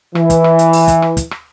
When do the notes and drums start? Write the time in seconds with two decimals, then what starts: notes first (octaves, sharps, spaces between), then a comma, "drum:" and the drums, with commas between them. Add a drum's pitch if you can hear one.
0.15 E3, drum: rim click
0.30 drum: kick, hi-hat
0.44 drum: rim click
0.59 drum: hi-hat
0.73 drum: open hi-hat
0.88 drum: kick, hi-hat
1.02 drum: rim click
1.17 drum: kick, hi-hat
1.31 drum: rim click